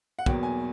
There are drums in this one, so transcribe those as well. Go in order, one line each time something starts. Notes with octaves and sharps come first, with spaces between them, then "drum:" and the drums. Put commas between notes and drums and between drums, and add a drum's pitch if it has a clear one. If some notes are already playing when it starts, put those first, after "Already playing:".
F#5
E2 B2 F#3 A#3 G5, drum: kick
G#5